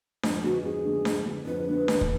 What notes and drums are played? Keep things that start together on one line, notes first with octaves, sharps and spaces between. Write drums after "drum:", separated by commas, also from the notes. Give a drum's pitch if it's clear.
F2, drum: snare D4
D3 G#3 B3 D4 F#4
F2 G#4
D3 G#3 B3 D4
F2, drum: snare D4
D3 G#3 B3 D4
F2 B4
D3 G#3 B3 D4
D#2, drum: snare D4
drum: kick